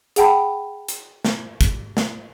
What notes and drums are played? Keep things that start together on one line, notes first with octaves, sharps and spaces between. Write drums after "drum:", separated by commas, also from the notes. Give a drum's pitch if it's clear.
G#4 F#5 G5 A5 B5, drum: hi-hat
drum: hi-hat
drum: snare
drum: kick, hi-hat
drum: snare